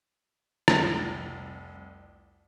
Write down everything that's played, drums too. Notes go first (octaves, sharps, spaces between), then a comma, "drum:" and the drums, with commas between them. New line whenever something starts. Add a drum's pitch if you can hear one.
F1 C2, drum: rim click